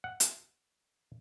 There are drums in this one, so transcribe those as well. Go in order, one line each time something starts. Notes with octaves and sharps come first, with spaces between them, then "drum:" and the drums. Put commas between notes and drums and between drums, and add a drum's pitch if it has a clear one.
F#5
drum: hi-hat